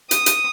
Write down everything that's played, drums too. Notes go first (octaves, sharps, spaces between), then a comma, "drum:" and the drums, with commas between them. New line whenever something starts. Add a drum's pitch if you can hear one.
D#6, drum: hi-hat
drum: hi-hat